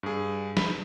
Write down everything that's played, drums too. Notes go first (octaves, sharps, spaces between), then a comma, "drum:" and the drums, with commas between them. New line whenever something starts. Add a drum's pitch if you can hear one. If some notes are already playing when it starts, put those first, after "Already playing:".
G2 G#4
B5, drum: snare